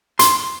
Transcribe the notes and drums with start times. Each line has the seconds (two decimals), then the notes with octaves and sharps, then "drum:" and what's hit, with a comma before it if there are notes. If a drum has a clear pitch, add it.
0.19 C6, drum: hi-hat